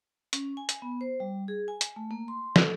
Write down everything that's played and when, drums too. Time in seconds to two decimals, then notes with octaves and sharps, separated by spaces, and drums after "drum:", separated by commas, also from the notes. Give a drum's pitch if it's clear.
0.33 C#4, drum: hi-hat
0.57 G#5
0.69 drum: hi-hat
0.82 B3
1.01 C5
1.20 G3
1.48 G#4
1.68 G#5
1.81 drum: hi-hat
1.96 A3
2.11 A#3
2.28 C6
2.56 A4, drum: snare